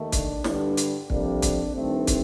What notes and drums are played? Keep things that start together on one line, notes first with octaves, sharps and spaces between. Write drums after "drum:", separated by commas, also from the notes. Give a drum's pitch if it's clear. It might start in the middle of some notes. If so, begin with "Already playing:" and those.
Already playing: D#2 D#3 A3
D4, drum: kick, hi-hat
G2 D3 G3, drum: snare
drum: hi-hat
F2 C3 G3 A#3 D4, drum: kick
drum: kick, hi-hat
G2 D#3 A3 C4
drum: kick, hi-hat